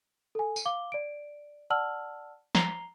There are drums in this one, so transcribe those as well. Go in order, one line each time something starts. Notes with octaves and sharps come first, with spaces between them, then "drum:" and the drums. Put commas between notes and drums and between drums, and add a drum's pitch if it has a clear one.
A4 G#5
drum: tambourine
F5 D6 G7
D5 D7
D5 F#5 A5 E6 F6 F#7
A#5 C7 F7 G7, drum: snare